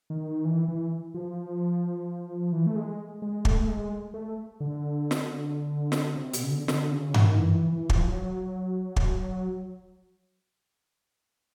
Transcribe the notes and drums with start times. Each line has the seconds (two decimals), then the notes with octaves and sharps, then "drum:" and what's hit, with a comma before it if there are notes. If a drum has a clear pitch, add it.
0.10 D#3
0.45 E3
0.68 E3
1.15 F3
2.52 E3
2.67 A3
2.76 G#3
3.22 G#3
3.45 A3, drum: kick
3.68 G#3
4.14 A3
4.60 D3
5.11 drum: snare
5.92 drum: snare
6.16 C3
6.34 B2, drum: hi-hat
6.43 C#3
6.51 D3
6.68 D3, drum: snare
6.92 C#3
7.14 D#3, drum: tom G2
7.38 E3
7.55 E3
7.73 E3
7.90 F3, drum: kick
8.07 F#3
8.96 drum: kick